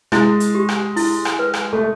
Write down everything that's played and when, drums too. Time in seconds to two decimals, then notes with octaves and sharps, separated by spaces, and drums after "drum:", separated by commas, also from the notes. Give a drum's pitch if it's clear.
0.12 G#3 E4, drum: rim click
0.40 drum: hi-hat
0.55 G4
0.69 drum: rim click
0.97 E4, drum: open hi-hat
1.25 drum: rim click
1.39 B4
1.54 drum: rim click
1.73 A3